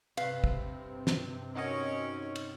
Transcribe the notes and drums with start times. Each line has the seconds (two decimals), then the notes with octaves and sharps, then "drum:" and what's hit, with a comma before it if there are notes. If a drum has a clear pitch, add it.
0.17 G2 C3 C4 B4 F5, drum: cymbal
0.44 drum: kick
1.07 drum: snare
1.55 C#4 D#4 F#4 A#4 C#5 D#5
2.36 drum: cymbal